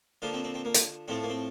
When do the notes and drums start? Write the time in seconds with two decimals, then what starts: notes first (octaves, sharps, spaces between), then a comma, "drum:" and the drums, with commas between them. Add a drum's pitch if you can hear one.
0.22 D3 F3 A#3 F4
0.33 C4
0.44 C4
0.54 C4
0.65 A#3
0.74 drum: hi-hat
1.08 A2 F3 A3 C4
1.23 A#3
1.30 C4